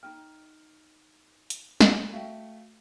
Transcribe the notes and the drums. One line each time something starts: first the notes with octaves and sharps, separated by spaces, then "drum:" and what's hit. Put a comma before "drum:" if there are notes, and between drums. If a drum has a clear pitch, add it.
D#4 F4 G5 F6
drum: hi-hat
drum: snare
A3 F#4 E5 F5 G5